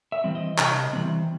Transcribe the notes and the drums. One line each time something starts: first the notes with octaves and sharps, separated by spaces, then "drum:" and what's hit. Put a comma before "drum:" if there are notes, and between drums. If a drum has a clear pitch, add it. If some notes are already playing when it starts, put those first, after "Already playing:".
E5
E3 G3 C4
D#5
C3, drum: clap
E3 G3 C4